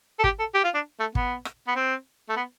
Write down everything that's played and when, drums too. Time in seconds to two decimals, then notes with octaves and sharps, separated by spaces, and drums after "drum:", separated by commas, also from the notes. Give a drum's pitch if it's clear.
0.19 A4
0.24 G4, drum: kick
0.39 A4
0.54 G4
0.64 F4
0.74 D4
1.00 A3
1.15 B3, drum: kick
1.45 drum: rim click
1.68 B3
1.76 C4
2.29 A3
2.37 B3